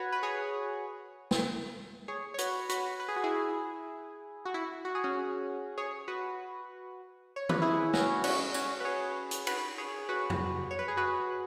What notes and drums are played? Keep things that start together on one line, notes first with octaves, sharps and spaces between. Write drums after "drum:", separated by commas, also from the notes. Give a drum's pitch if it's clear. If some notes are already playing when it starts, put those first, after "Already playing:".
Already playing: F#4 B4 C#5
B4
G#4 C#5
drum: snare
G#4 C#5
C#5
F#4 B4, drum: hi-hat
F#4 B4, drum: hi-hat
B4
G#4
F#4
E4 G#4
F#4
E4
F#4
G#4
C#4 F#4
G#4 C#5
F#4 B4
C#5
B4, drum: tom D#3
E4 G#4
C#4 F#4, drum: snare
C#4 F#4, drum: cymbal
C#4 F#4, drum: tambourine
B4
G#4 C#5
drum: hi-hat
F#4 B4, drum: cymbal
G#4 C#5
F#4 B4
drum: tom F2
C#5
B4
G#4
F#4 B4